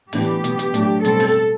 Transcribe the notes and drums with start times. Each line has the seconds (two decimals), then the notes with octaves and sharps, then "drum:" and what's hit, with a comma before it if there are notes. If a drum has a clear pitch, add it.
0.13 A2 E3 B3 D4 G4, drum: open hi-hat
0.44 B2 F#3 B3, drum: hi-hat
0.59 drum: hi-hat
0.74 A2 F#3 A3 D4, drum: hi-hat
1.04 B2 G3 C4 A4, drum: hi-hat
1.20 drum: open hi-hat